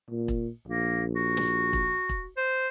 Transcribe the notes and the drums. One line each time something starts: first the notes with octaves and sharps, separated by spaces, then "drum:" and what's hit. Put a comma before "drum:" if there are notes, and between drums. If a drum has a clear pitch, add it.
A#2
drum: kick E1
A#1 A#3
F#4
drum: snare
drum: kick E1
drum: kick E1
C5